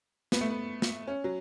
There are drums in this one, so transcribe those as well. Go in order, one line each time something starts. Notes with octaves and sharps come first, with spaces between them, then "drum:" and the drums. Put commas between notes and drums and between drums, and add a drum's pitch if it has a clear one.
B3, drum: snare
A3
B3
drum: snare
C#4
F#3